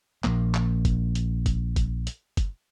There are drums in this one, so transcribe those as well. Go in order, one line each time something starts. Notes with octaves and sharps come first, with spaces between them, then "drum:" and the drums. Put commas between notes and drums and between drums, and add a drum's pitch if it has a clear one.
A#1 A#3, drum: clap
drum: clap
drum: kick F#1, hi-hat
drum: hi-hat
drum: kick F#1, hi-hat
drum: kick F#1, hi-hat
drum: hi-hat
drum: kick F#1, hi-hat